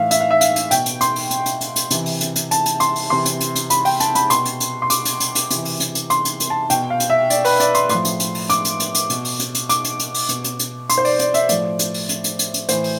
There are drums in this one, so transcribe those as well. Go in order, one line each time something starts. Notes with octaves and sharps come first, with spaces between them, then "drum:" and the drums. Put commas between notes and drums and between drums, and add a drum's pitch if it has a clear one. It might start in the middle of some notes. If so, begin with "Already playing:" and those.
Already playing: A2 E3 E5 F5
E5, drum: hi-hat
F5
E5
F5, drum: hi-hat
drum: hi-hat
B2 G5, drum: hi-hat
drum: hi-hat
C6, drum: hi-hat
drum: open hi-hat
drum: hi-hat
drum: hi-hat
drum: hi-hat
drum: hi-hat
C3 E3, drum: hi-hat
drum: open hi-hat
drum: hi-hat
drum: hi-hat
A5, drum: hi-hat
drum: hi-hat
C6, drum: hi-hat
drum: open hi-hat
C3 E3 C6
drum: hi-hat
drum: hi-hat
drum: hi-hat
B5, drum: hi-hat
G5, drum: open hi-hat
A5, drum: hi-hat
B5, drum: hi-hat
B2 C6, drum: hi-hat
drum: hi-hat
drum: hi-hat
C6
D6, drum: hi-hat
drum: hi-hat
drum: hi-hat
drum: hi-hat
C3 E3, drum: hi-hat
drum: open hi-hat
drum: hi-hat
drum: hi-hat
C6, drum: hi-hat
drum: hi-hat
drum: hi-hat
A5
B2 G5, drum: hi-hat
F5
drum: hi-hat
E5
D5, drum: hi-hat
B4, drum: open hi-hat
D5, drum: hi-hat
C6, drum: hi-hat
A2 F3 C6, drum: hi-hat
drum: hi-hat
drum: hi-hat
drum: open hi-hat
D6, drum: hi-hat
drum: hi-hat
drum: hi-hat
drum: hi-hat
B2, drum: hi-hat
drum: open hi-hat
drum: hi-hat
drum: hi-hat
D6, drum: hi-hat
drum: hi-hat
drum: hi-hat
drum: open hi-hat
B2, drum: hi-hat
drum: hi-hat
drum: hi-hat
C6, drum: hi-hat
C5
D5, drum: open hi-hat
D5, drum: hi-hat
E5, drum: hi-hat
A2 F3 D5, drum: hi-hat
drum: hi-hat
drum: open hi-hat
drum: hi-hat
drum: hi-hat
drum: hi-hat
drum: hi-hat
A2 E3 C5, drum: hi-hat
drum: open hi-hat